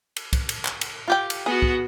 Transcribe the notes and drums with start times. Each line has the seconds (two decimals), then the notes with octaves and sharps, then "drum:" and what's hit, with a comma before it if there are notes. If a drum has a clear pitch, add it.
0.16 drum: cymbal
0.33 drum: kick, cymbal
0.49 drum: cymbal
0.65 drum: clap
0.81 drum: cymbal
1.08 F4 G4 G5
1.30 drum: cymbal
1.46 B3 F#4 G#4
1.62 drum: kick